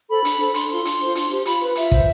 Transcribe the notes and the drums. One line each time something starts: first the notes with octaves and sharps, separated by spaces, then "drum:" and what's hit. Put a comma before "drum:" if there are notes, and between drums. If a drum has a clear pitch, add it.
A4 C5 B5
D4, drum: hi-hat
A4 C5
D4 C6, drum: hi-hat
F4 A4 C6
D4, drum: hi-hat
F4 C5
D4, drum: hi-hat
G4 C5
F4 B5, drum: hi-hat
B4
F4 E5, drum: hi-hat
C5, drum: kick